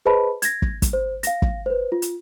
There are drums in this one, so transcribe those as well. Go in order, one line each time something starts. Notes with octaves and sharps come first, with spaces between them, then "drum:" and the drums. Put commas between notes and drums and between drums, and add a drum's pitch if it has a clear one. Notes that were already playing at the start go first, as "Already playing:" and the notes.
G#4 B4 C5 D#5 A5 B5
G#6 A#6, drum: hi-hat
drum: kick
drum: kick, hi-hat
C5
F5 A#6, drum: hi-hat
drum: kick
B4 C5
F4
drum: hi-hat